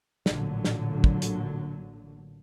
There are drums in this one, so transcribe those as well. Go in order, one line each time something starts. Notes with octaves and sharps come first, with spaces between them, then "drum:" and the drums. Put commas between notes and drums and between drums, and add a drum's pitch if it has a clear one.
A1 A#2 D3 F#3, drum: snare
drum: snare
drum: kick
drum: hi-hat